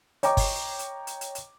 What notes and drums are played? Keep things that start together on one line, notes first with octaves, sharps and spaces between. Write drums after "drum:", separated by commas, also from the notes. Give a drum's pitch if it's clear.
C#5 D#5 G5 A#5 C#6 D6, drum: hi-hat
drum: kick G1, open hi-hat
drum: hi-hat
drum: hi-hat
drum: hi-hat
drum: hi-hat